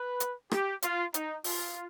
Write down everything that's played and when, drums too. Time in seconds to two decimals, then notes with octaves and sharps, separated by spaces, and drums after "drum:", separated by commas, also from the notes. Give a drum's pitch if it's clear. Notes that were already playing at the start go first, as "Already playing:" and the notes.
Already playing: B4
0.20 drum: hi-hat
0.51 G4, drum: rim click
0.82 F4, drum: hi-hat
1.14 D#4, drum: hi-hat
1.44 F4, drum: open hi-hat